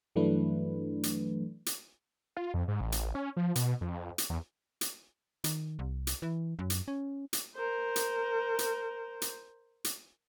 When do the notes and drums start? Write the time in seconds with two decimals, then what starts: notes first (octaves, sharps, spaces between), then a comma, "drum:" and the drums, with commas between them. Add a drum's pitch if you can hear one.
0.16 G2 E3 F#3 A3 D4 B4
1.03 drum: hi-hat
1.66 drum: hi-hat
2.37 F4
2.54 F2
2.68 G#2
2.81 A1
2.92 drum: hi-hat
3.15 C#4
3.36 F3
3.55 B2, drum: hi-hat
3.81 F2
4.18 drum: hi-hat
4.30 E2
4.81 drum: hi-hat
5.44 D#3, drum: hi-hat
5.79 C2
6.07 drum: hi-hat
6.22 E3
6.59 F#2
6.70 drum: hi-hat
6.88 C#4
7.33 drum: hi-hat
7.55 A#4 C5
7.96 drum: hi-hat
8.59 drum: hi-hat
9.22 drum: hi-hat
9.84 drum: hi-hat